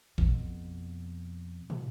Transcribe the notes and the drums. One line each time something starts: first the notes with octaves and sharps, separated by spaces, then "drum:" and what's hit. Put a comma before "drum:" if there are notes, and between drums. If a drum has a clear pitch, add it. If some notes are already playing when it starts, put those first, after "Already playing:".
F2 B2, drum: kick A1
drum: tom